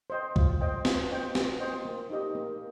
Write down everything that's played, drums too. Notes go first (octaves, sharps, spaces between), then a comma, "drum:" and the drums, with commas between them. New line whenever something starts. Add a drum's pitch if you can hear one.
C5 D#5 G5
F4, drum: kick C#2
C5 D#5 G5
F4, drum: snare
C5 D#5 G5
F4, drum: snare
C5 D#5 G5
A#3
D#4 G4 D#5
A#3